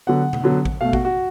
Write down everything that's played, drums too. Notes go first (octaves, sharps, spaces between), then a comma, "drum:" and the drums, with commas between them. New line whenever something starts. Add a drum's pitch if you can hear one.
D3 F#3 B3 F#5
drum: tom B2
D3 F#3 B3
drum: kick A1
B2 A3 F5
F#4, drum: kick A1
F#4